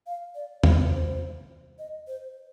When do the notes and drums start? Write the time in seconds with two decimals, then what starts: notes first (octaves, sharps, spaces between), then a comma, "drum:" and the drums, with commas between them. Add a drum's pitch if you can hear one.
0.07 F5
0.35 D5
0.63 C5, drum: tom
0.92 C5
1.79 D#5
2.07 C5